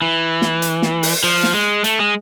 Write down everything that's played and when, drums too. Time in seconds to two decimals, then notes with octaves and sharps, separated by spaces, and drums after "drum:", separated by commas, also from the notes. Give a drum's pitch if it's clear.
0.02 E3
0.42 drum: snare
0.62 drum: hi-hat
0.82 drum: snare
1.03 drum: open hi-hat
1.24 F3
1.43 drum: snare
1.54 G#3
1.84 A3, drum: hi-hat
1.99 G#3